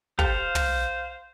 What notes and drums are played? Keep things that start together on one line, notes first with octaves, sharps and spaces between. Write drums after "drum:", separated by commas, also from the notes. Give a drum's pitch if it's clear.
G4 A4 C5 F5, drum: kick
F5
drum: tom